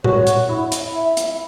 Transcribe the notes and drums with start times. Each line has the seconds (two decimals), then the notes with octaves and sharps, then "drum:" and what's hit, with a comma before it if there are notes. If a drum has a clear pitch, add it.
0.04 F#4 C#5, drum: tom A#2
0.27 drum: hi-hat
0.49 E4
0.72 drum: hi-hat
0.95 E5
1.17 drum: hi-hat